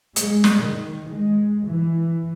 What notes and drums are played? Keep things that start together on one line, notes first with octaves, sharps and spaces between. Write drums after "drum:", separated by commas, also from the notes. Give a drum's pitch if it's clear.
G#3, drum: hi-hat
drum: snare
D#3
G#3
E3